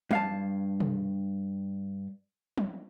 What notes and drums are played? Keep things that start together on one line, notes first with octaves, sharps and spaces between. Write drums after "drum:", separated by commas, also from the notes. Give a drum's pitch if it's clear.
G2 F5 A5, drum: tom
drum: tom
drum: tom